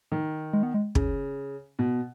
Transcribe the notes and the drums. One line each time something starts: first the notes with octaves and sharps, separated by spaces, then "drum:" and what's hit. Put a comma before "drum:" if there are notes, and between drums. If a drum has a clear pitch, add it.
D#3
G#3
B3
G#3
C#3, drum: kick
B2